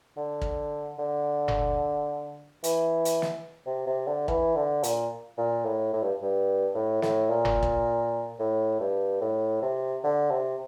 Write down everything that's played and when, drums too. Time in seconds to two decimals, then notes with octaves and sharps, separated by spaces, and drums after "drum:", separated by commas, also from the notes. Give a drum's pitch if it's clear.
0.17 D3
0.42 drum: kick
0.99 D3
1.48 drum: tom F#1
2.64 E3, drum: hi-hat
3.05 drum: hi-hat
3.22 drum: snare
3.66 C3
3.87 C3
4.07 D3
4.28 E3, drum: kick
4.56 D3
4.83 A#2, drum: hi-hat
5.38 A#2
5.65 A2
5.93 A2
6.02 G2
6.22 G2
6.74 A2
7.02 A2, drum: snare
7.30 A#2
7.45 drum: tom F#1
7.63 drum: kick
8.39 A2
8.80 G2
9.21 A2
9.62 C3
10.04 D3
10.31 C3